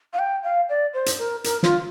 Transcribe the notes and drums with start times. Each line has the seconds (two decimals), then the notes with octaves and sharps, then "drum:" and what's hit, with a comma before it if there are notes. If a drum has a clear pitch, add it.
0.13 F5
0.19 G5
0.44 F5
0.69 D5
0.94 C5
1.06 drum: hi-hat
1.19 A#4
1.44 A#4, drum: hi-hat
1.63 F4, drum: snare